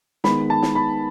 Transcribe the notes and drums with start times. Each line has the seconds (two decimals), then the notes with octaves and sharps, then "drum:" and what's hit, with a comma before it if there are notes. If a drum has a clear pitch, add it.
0.24 D#3 G#3 B3 B5, drum: snare
0.50 A5
0.63 drum: snare
0.75 B5